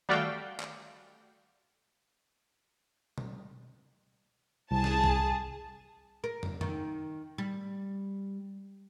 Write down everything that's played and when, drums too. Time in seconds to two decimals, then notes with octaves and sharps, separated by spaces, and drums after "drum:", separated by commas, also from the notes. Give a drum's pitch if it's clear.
0.09 G3 A3 F#4 D5 F5 G5, drum: tom D#3
0.60 drum: clap
3.18 drum: tom B2
4.71 C2 G#4 A5
4.84 drum: snare
5.04 drum: kick
6.24 A#4
6.43 drum: tom
6.61 D#3, drum: tom
7.38 G3